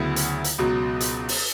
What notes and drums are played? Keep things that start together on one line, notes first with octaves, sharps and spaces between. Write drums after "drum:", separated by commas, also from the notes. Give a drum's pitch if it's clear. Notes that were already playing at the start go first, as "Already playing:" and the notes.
Already playing: D2 C#3 F#3 B3 E4
drum: hi-hat
drum: hi-hat
C#2 B2 F#3
drum: hi-hat
drum: open hi-hat